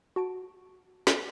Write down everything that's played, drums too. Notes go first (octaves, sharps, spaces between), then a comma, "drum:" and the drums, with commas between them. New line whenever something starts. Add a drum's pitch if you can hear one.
F#4 A5 D7
drum: snare